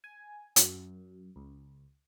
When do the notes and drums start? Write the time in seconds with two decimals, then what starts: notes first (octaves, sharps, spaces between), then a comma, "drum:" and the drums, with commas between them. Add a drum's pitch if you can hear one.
0.04 G#5
0.56 F#2, drum: hi-hat
1.36 C#2